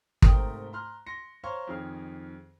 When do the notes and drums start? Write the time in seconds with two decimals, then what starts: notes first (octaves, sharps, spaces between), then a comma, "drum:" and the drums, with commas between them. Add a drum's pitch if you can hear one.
0.22 G#2 C3 A3 A#4 G5 D#6, drum: kick
0.73 A#5 C6 F6 F#6
1.06 C6 A#6 C#7
1.43 C5 C#5 F5 A#5 C6 C#6
1.67 F2 D#3 G#4 F6